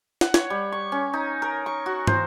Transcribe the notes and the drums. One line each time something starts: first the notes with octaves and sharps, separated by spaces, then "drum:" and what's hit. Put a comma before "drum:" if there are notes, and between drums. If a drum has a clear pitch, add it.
F#5, drum: snare
C#5, drum: snare
G3
C#6
C#4
D#4
A#4
C#6
F#4
C5, drum: tom